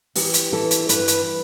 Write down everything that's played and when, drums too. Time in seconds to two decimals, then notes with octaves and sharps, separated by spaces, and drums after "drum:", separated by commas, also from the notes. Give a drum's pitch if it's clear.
0.15 E3 G4, drum: open hi-hat
0.34 drum: hi-hat
0.53 E3 A4
0.71 drum: hi-hat
0.89 G2 B4, drum: hi-hat
1.08 drum: hi-hat